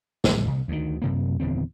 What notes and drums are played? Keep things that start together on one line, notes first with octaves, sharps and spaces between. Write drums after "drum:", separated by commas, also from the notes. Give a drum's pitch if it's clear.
D1 A#1 G3, drum: snare
C2
D2 D#3
F#2 C3 A#3
D#1 E2 D3 C4